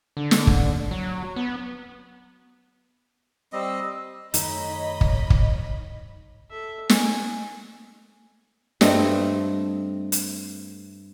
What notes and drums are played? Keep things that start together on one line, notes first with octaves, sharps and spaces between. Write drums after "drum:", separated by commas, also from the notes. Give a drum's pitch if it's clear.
D3
drum: snare
drum: kick
F#3
B3
G3 C4 D#5 E6
F#2 D#3 A3 D#4 C#5 D#5 B5, drum: hi-hat
drum: kick
drum: kick
A4 E5
G#5, drum: snare
G2 A3 C4 D#5, drum: snare
drum: hi-hat